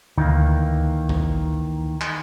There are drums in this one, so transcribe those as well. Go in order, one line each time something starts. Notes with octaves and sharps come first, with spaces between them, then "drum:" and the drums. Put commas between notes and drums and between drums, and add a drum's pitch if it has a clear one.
D2 D#3 E3 A#3
drum: kick A1
drum: clap